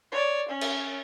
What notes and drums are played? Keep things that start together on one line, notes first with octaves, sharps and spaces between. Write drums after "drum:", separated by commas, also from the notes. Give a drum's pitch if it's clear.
C#5 D5
C#4
drum: cymbal